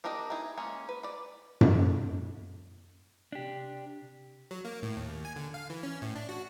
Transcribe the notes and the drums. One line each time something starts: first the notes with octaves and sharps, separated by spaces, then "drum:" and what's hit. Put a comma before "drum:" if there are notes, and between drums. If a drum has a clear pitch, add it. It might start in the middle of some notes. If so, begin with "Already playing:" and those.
A#3 D4 G4 A#4 D#5
D#4 E4 G#4
G#3 A#3 C#4
B4
D5 B5
drum: tom F#2
C3 D4 G4
F#3
A#3
A2
D#2
G#5
D3
F5
E3
C#4
A2
D4
F#4